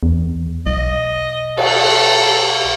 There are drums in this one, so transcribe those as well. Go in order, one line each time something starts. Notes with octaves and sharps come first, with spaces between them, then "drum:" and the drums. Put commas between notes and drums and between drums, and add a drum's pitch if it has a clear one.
E2
B1 D#5
A4, drum: cymbal